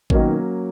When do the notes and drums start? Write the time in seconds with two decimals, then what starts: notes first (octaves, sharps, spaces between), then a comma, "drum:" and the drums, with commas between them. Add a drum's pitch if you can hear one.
0.10 B2 D#3 F#3 A#3 C#4, drum: kick G#1